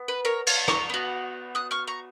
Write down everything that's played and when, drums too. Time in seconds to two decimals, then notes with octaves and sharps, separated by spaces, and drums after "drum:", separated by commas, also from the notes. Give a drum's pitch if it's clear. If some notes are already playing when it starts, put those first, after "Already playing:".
Already playing: B3
0.08 B4
0.25 A#4 C#5
0.47 C#5 F5, drum: cymbal
0.68 A#5 C#6, drum: rim click
0.90 B3 F#4
1.55 D#6 F#6
1.71 C#6 F6
1.87 A#5 C#6